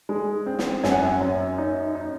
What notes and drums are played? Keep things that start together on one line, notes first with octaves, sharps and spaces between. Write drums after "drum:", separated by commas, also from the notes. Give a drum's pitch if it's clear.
G#3
C4
drum: snare
F#2 G#5, drum: snare
F#5
G#5
F#2
D#4
D#4